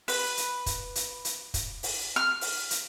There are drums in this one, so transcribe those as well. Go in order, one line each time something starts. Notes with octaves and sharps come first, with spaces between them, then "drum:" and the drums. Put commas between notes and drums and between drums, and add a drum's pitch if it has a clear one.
B4, drum: open hi-hat
drum: hi-hat
drum: kick, hi-hat
drum: hi-hat
drum: hi-hat
drum: kick, hi-hat
drum: open hi-hat
F6
drum: open hi-hat
drum: hi-hat